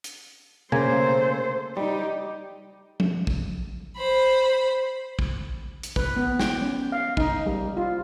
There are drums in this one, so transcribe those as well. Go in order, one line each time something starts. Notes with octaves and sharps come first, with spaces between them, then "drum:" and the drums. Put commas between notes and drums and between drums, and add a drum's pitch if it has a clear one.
drum: hi-hat
C#3 A3 A#3 C5 G#5, drum: tom B2
G3 D#4 G4
drum: tom F3
drum: kick
C5 B5
drum: kick
drum: hi-hat
B4, drum: kick
B3
G5, drum: snare
C#4
F5
D#4, drum: kick
G3
F4